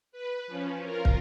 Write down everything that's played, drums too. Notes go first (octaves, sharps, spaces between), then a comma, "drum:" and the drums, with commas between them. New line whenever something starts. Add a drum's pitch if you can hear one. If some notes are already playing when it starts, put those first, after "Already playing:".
B4
F3 C#4
F4 A#4
drum: kick